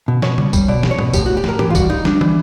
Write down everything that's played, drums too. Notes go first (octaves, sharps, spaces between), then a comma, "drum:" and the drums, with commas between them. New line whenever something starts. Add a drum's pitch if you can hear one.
B2
B2 C#5, drum: snare
G3, drum: tom C#3
G3, drum: kick B1, tambourine
B2 D5
G3, drum: snare
C#5
B2, drum: tom G#2
A2 G4, drum: kick B1, tambourine
A2 F#4
G4
A2 A#4, drum: snare
E3 G4, drum: tom G#2
F4
G3 F#4, drum: kick B1, tambourine
G3 D#4
G3 D4, drum: snare
E3, drum: tom